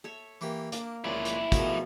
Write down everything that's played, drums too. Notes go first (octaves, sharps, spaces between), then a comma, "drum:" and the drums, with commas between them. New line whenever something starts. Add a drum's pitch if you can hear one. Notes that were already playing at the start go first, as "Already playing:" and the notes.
A4 C#5 E5
E3 A#3 G4
A#3 D4 A#4, drum: hi-hat
C#2 A#2 E4 D5
drum: hi-hat
B2 F3 A3 G#4 A#4, drum: kick, hi-hat